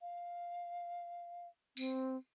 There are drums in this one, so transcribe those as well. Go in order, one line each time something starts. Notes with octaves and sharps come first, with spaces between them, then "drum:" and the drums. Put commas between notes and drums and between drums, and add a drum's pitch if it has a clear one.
F5
C4, drum: tambourine